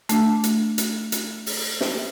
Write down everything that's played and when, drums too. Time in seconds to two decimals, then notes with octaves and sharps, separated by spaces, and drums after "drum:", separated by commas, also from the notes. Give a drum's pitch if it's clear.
0.09 A3 D4, drum: hi-hat
0.44 drum: hi-hat
0.78 drum: hi-hat
1.12 drum: hi-hat
1.46 drum: open hi-hat
1.81 drum: snare